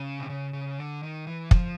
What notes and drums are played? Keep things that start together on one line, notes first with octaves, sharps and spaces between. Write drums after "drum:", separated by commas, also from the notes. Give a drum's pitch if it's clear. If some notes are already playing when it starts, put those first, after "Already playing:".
Already playing: C#3
C3
C#3
C#3
D3
D#3
E3
F3, drum: kick